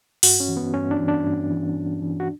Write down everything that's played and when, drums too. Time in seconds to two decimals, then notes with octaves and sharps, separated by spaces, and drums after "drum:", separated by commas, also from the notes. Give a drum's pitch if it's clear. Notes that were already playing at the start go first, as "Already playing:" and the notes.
0.23 G2 F#4, drum: open hi-hat
0.40 C#4
0.48 E3
0.57 B3
0.74 G2 C#4
0.91 D4
1.00 E3
1.08 D4
1.24 G2
1.51 E3
1.76 G2
2.02 E3
2.20 F#4